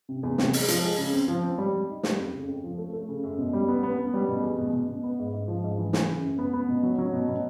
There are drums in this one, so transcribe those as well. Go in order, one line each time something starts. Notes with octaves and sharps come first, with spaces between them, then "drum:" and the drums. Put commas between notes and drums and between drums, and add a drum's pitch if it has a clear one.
C3
E2
C3, drum: snare
G#3, drum: open hi-hat
F3, drum: hi-hat
G#3
C#3
C4
F3
C4
G3
G3
D#4
G3, drum: snare
F2
C#3
F2
F3
A3
A3
C#3
F#2
B2
G3
B3
B3
B3
G3
B2
E2
B2
B2
B2
B3
G#2
G#2
F3
G#2
E3
E3, drum: snare
C#3
F#2
B3
B3
B2
F#3
F#3
B2
B2